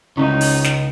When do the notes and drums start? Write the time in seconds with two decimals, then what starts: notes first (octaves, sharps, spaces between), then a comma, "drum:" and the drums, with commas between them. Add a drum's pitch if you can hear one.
0.17 C#2 C#4 D#4 E4
0.41 drum: open hi-hat
0.64 drum: snare